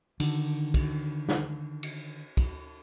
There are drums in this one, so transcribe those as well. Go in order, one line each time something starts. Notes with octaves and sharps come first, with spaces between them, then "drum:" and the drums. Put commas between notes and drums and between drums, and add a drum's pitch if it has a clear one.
D3 D#3, drum: cymbal
drum: kick, cymbal
drum: snare
drum: cymbal
drum: kick, cymbal